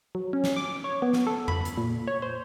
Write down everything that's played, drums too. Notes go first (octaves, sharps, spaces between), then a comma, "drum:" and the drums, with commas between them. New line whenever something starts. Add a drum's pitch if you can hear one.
F#3
C#4
drum: snare
D6
C#5
B3
drum: snare
A4
B5, drum: tom F2
drum: hi-hat
A#2
C#5
C5